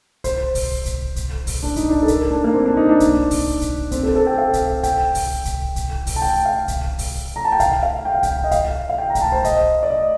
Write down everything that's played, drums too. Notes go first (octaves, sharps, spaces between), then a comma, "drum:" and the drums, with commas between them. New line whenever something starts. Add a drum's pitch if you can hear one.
C5, drum: kick C2, hi-hat
drum: kick C2, open hi-hat
drum: kick C2, hi-hat
drum: kick C2, hi-hat
drum: kick C2, open hi-hat
D4
D#4, drum: kick C2, hi-hat
D4
A4
A#4, drum: kick C2, hi-hat
D4
A#3
C4
D4
D#4
D4
drum: kick C2, hi-hat
drum: kick C2, open hi-hat
drum: kick C2, hi-hat
C4, drum: kick C2, hi-hat
A4
A4
G5
F5
drum: kick C2, hi-hat
G5, drum: kick C2, hi-hat
drum: kick C2, open hi-hat
drum: kick C2, hi-hat
drum: kick C2, hi-hat
drum: kick C2, open hi-hat
A5
G5
F5
drum: kick C2, hi-hat
drum: kick C2, open hi-hat
A#5
A5
G5
F5, drum: kick C2, hi-hat
F5
G5
F5
G5, drum: kick C2, hi-hat
D#5
F5, drum: kick C2, hi-hat
F5
G5
A#5
G5, drum: kick C2, hi-hat
A5
C5
D#5, drum: kick C2, hi-hat
D5
D#5